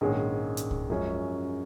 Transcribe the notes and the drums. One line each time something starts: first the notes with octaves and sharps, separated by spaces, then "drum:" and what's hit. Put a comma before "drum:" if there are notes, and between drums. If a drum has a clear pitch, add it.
A#1 G#2 D#3 G#3 C#4
drum: hi-hat
drum: kick C2
F#2 F3 G#3 C#4